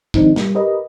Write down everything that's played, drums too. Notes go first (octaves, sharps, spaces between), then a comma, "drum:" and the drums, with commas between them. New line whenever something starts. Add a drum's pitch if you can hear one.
D#3 F3 G#3 C4 D4 D#4, drum: kick
G3, drum: snare
G4 A#4 B4 D#5